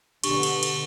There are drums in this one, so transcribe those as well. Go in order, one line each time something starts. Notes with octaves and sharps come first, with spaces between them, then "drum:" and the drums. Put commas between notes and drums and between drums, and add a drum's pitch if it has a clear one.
B2 D3 B3 D4 G4 C#6, drum: cymbal
drum: cymbal
drum: cymbal